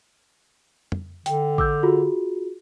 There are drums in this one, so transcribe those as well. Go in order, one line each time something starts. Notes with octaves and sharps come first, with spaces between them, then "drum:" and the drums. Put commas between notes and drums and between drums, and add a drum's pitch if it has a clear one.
drum: tom
D3 G5, drum: hi-hat
D6 E6 G6, drum: kick A1
F4 F#4 G#4